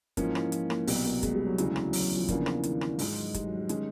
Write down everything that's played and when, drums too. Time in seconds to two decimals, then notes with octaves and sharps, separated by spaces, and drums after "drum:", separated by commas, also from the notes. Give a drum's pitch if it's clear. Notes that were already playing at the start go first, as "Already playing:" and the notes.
0.17 G#2 E3 F3 A#3 C#4, drum: kick F#1, hi-hat
0.35 E3, drum: rim click
0.52 F3, drum: hi-hat
0.70 A#3, drum: rim click
0.87 C2 B2 F#3 B3, drum: open hi-hat
1.05 A#3
1.23 G#3, drum: kick F#1, hi-hat
1.35 G3
1.46 F#3
1.58 E1 D2 C#3 E3 F#3, drum: hi-hat
1.76 drum: rim click
1.93 F#3, drum: open hi-hat
2.17 F3
2.28 E2 C#3 E3 F3 A#3 D4, drum: kick F#1, hi-hat
2.46 drum: rim click
2.59 E3
2.63 D#3, drum: hi-hat
2.81 drum: rim click
2.99 G#2 D#3 F3 G#3, drum: open hi-hat
3.16 F#3
3.34 G3, drum: kick F#1, hi-hat
3.46 F#3
3.58 G3
3.69 D#3 G#3 C#4, drum: hi-hat